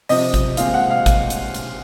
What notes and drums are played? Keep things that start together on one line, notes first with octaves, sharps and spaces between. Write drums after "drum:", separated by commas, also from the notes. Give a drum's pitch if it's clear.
C3 F3 C4 D#5, drum: open hi-hat
drum: kick G#1, hi-hat
A#2 G#3 C4 F5, drum: hi-hat
F#5
F5
drum: kick G#1, hi-hat
drum: hi-hat
drum: hi-hat